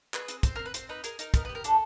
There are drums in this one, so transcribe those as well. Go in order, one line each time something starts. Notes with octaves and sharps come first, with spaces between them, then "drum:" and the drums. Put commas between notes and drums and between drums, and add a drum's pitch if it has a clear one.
G#4 B4, drum: clap
C4, drum: hi-hat
C4 C5, drum: kick, hi-hat
C4 A#4
B4
C4 C5, drum: hi-hat
D#4 B4
G#4 A#4, drum: hi-hat
D#4 A#4, drum: hi-hat
B3 A#4, drum: kick, hi-hat
G4 B4
A#4
D4 A4, drum: hi-hat